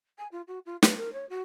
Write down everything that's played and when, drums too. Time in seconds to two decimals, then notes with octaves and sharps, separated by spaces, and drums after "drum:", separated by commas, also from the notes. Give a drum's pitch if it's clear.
0.18 G#5
0.31 F4
0.47 F#4
0.65 F4
0.83 B4, drum: snare
0.97 A#4
1.13 C#5
1.29 F#4